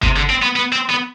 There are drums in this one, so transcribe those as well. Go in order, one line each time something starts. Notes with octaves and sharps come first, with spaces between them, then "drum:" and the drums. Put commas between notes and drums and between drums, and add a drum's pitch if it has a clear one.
C3, drum: kick G1
D3
C4
B3
B3
C4
B3